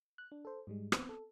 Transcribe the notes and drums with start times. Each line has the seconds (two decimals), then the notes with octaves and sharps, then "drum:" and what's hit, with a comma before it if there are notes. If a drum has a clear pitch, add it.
0.18 F#6
0.32 D4
0.45 A4 C5
0.67 G#2 G3 G#3
0.92 B3 C4, drum: rim click
1.09 A4